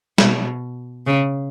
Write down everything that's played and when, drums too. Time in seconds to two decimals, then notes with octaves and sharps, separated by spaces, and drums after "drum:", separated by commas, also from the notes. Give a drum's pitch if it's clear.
0.18 B2, drum: snare
1.06 C#3